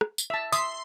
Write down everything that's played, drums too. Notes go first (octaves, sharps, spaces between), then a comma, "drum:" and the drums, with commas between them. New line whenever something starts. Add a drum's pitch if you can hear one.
drum: rim click
drum: tambourine
E5 A5
E5 C6 D#6, drum: tambourine